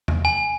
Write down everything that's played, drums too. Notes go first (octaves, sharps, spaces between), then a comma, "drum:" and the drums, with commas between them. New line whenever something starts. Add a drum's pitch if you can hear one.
drum: tom E2
G#5